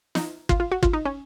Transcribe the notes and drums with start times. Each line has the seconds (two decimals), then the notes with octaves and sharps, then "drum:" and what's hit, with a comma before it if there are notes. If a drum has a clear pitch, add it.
0.15 D#4, drum: snare
0.49 F4, drum: kick
0.60 F4
0.71 F#4
0.83 F4, drum: kick
0.93 D#4
1.05 C#4